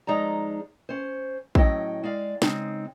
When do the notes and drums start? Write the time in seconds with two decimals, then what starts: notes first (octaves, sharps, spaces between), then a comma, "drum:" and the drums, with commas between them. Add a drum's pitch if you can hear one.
0.07 F2 G#3 D#4 D5 A#5
0.89 C#4 C5
1.55 A2 F#3 C#4 D#5 G5, drum: kick
2.04 G#3 D5 F5
2.42 C#3 G#3 C4 D#4, drum: snare